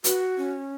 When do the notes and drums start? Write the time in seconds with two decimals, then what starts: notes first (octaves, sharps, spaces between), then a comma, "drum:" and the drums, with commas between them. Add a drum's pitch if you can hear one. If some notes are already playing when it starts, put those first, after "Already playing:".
0.04 F#4 B4, drum: hi-hat
0.37 C#4